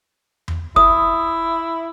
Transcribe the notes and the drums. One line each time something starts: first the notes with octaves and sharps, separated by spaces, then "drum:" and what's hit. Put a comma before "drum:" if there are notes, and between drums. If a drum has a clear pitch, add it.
drum: tom E2
E4 D#6, drum: kick